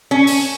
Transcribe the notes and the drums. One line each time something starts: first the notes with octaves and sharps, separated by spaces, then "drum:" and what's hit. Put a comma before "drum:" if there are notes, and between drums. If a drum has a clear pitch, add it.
C#4
drum: open hi-hat